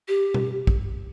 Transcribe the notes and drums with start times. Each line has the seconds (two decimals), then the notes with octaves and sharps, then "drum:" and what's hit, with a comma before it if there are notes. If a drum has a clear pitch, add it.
0.08 G4
0.34 drum: tom B2
0.67 drum: kick